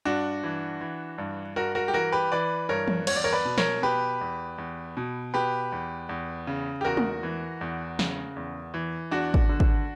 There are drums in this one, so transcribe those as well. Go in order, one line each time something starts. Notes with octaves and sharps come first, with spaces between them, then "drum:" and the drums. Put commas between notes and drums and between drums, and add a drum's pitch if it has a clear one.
G2 D4 F#4
E3
E3
G2
G2 F#4 A#4
F#4 A#4
G4
E3 F#4 A#4
G4 B4
E3 B4 D5
G2 A#4 C#5
drum: tom E3
E2 C#5, drum: cymbal
D5
A#4 C#5
B4 D5
B2
A#4 C#5, drum: snare
B2 G4 B4
E2
E2
B2
B2 G4 B4
E2
E2
C#3
G4
E2 F#4 A#4
drum: tom G#3
E3
E2
C#3, drum: snare
E2
E3
E2 D4 F#4
drum: kick
D3
drum: kick